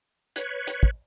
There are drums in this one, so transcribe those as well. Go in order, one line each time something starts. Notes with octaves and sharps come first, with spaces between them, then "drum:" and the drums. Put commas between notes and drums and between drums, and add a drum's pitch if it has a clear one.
B4 C#5, drum: hi-hat
drum: hi-hat
drum: kick